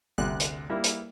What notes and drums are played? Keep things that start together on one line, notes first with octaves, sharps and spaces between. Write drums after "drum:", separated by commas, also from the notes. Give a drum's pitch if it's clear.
G1 D2 C3 F#6
drum: hi-hat
G3 A#3 E4
drum: hi-hat